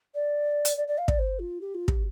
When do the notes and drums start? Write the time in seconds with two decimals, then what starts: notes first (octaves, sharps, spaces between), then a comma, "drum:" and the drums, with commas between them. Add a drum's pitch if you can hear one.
0.15 D5
0.65 drum: hi-hat
0.77 D5
0.88 D5
0.98 F5
1.08 D5, drum: kick
1.19 C5
1.39 F4
1.61 G4
1.75 F4
1.88 G4, drum: kick